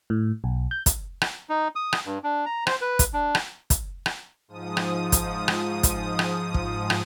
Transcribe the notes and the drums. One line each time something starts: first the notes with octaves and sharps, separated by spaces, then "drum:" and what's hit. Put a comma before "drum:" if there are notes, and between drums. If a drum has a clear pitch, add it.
A2
B1
G6
drum: kick, hi-hat
drum: rim click
D#4
D#6
drum: rim click
G2
D4
A#5
C5, drum: rim click
B4
drum: kick, hi-hat
D4
drum: rim click
drum: kick, hi-hat
drum: rim click
G#2 F3 D#6
drum: rim click
drum: kick, hi-hat
drum: rim click
drum: kick, hi-hat
drum: rim click
drum: kick
drum: rim click